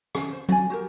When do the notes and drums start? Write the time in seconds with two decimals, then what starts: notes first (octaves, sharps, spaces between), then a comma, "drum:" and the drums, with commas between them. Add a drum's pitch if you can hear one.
0.15 C#4, drum: rim click
0.33 C5
0.49 F#4 D5 G#5, drum: tom F#3
0.70 F#4 G4 A#4